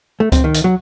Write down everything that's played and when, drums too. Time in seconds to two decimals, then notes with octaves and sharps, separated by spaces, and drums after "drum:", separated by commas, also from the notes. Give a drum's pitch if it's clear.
0.20 A3
0.32 C4, drum: kick C#2, hi-hat
0.44 D#3
0.54 drum: hi-hat
0.64 F#3